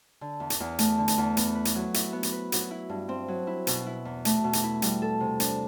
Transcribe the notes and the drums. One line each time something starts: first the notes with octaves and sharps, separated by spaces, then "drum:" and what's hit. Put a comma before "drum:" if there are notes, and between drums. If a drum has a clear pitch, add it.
D3
E2
drum: hi-hat
E2
A3, drum: hi-hat
D3
drum: hi-hat
E2
B3, drum: hi-hat
B4
drum: hi-hat
F#3
E4, drum: hi-hat
B3
drum: hi-hat
B4
F#3, drum: hi-hat
E4
G2
C4
F#3
E4
B2, drum: hi-hat
E4
E2
A3, drum: hi-hat
B2
drum: hi-hat
E4
G3, drum: hi-hat
A4
C3
D4, drum: hi-hat